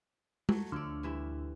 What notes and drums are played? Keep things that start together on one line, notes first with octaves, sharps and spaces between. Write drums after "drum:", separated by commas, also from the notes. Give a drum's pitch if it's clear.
F#3 A3, drum: tom G#3
D2 F3 C#5 D5
G2 E3 E5